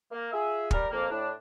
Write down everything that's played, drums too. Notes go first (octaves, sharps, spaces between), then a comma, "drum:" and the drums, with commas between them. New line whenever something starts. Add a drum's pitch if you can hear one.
A#3
F4 G#4 E5
G3 A#4, drum: kick
F2 A#3
A2 D4